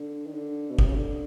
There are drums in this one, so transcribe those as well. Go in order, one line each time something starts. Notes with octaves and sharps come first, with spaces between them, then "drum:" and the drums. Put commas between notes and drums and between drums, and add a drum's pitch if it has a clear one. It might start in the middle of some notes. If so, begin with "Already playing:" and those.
Already playing: D3
D#3
D3
B2
C3, drum: kick
C#3
D3